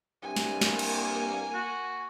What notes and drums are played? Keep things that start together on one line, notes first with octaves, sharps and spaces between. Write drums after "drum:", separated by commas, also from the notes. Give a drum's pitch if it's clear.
C2 G2 G#5
drum: snare
A#3, drum: snare
drum: cymbal
F#4